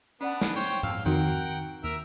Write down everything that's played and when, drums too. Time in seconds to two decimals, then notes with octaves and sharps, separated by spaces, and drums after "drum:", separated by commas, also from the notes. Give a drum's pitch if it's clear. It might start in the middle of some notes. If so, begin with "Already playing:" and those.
0.21 B3 C#4 D4 D5 F#5
0.41 drum: snare
0.56 C5 C#5 G5
0.83 F5 E6, drum: tom G#2
1.06 F2 D#3 C4 D#4 F#4 A#4 F#5 G5
1.84 D#2 A#4 E5